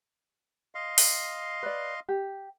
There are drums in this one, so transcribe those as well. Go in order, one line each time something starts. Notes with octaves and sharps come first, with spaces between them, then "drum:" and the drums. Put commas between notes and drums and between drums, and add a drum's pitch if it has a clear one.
D#5 F5 C6
drum: open hi-hat
B4 D5
G4